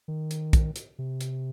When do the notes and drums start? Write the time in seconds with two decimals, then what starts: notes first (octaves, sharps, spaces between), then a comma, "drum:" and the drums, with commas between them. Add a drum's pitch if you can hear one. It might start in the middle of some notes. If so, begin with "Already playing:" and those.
0.08 D#3
0.31 drum: hi-hat
0.53 drum: kick, hi-hat
0.76 drum: hi-hat
0.99 C3
1.21 drum: hi-hat